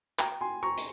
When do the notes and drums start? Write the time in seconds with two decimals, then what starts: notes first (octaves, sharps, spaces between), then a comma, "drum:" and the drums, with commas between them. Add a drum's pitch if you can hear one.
0.19 G5 A#5, drum: clap
0.41 G#5 C6
0.63 A#5 C#6
0.77 drum: hi-hat